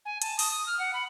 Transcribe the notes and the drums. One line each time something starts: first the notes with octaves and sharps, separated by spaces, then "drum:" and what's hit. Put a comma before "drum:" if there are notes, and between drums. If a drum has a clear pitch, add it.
G#5
A5, drum: hi-hat
D#6, drum: open hi-hat
D#6
F6
F#5
B5